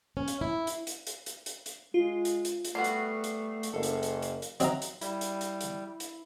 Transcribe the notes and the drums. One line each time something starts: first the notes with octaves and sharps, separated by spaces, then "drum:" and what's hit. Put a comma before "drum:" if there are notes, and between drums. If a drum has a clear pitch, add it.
C#4
drum: hi-hat
E4
drum: hi-hat
drum: hi-hat
drum: hi-hat
drum: hi-hat
drum: hi-hat
drum: hi-hat
G#3 F4
drum: hi-hat
drum: hi-hat
drum: hi-hat
G3 A3 B3 F#4 C7
drum: hi-hat
drum: hi-hat
drum: hi-hat
F#1 A4
drum: hi-hat
drum: hi-hat
drum: hi-hat
drum: hi-hat
F#3 C4 D#4 E5 A#5, drum: hi-hat
drum: hi-hat
G3 E4, drum: hi-hat
drum: hi-hat
drum: hi-hat
drum: hi-hat
drum: hi-hat